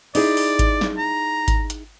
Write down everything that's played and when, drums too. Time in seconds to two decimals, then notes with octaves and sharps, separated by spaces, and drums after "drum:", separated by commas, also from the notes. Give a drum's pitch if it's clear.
0.15 D#4 E4 G#4 D5, drum: open hi-hat
0.37 drum: open hi-hat
0.59 drum: kick G#1, hi-hat
0.81 drum: snare
0.98 A#5
1.48 drum: kick G#1, hi-hat
1.70 drum: hi-hat